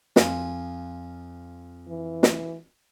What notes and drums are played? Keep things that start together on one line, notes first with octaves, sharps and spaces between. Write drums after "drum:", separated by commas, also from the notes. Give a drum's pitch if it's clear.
F2 F4 G#5, drum: snare
E3
drum: snare